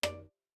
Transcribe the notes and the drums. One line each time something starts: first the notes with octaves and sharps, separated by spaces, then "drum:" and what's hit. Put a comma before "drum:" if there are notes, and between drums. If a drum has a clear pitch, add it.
D5, drum: rim click